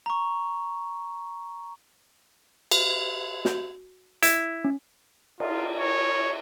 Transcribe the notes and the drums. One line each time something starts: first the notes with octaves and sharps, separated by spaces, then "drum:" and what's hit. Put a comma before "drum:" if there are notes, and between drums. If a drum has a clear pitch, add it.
A#5 C#6
drum: cymbal
F#4 G6, drum: snare
E4, drum: hi-hat
C#4
F4, drum: cymbal
C#5